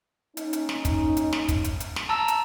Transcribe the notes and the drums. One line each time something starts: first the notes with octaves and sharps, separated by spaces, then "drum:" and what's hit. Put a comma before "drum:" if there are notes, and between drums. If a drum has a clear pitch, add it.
A#3 C#4 D#4, drum: hi-hat
drum: hi-hat
drum: snare
drum: kick, hi-hat
drum: hi-hat
drum: snare
drum: kick, hi-hat
drum: hi-hat
drum: hi-hat
drum: snare
A5 A#5 E6
drum: hi-hat